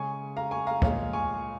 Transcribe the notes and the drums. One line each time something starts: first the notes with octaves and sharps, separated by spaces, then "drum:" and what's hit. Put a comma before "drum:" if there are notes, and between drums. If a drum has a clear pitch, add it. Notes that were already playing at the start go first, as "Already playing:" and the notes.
Already playing: C#3 G#3 G#5 C#6
F5 A#5
G#5 C#6
F5 A#5
A#2 G#3 C#5 F5, drum: kick
G#5 C#6